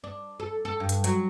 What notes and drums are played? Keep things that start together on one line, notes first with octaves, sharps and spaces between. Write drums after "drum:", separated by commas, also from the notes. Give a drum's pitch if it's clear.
D4
A4
A4
G2
drum: hi-hat
F#3, drum: hi-hat